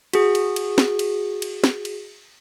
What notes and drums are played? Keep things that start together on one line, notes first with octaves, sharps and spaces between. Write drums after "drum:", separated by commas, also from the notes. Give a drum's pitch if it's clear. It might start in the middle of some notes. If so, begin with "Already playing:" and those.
F#4 G#4, drum: cymbal
drum: cymbal
drum: cymbal
drum: snare
drum: cymbal
drum: cymbal
drum: snare
drum: cymbal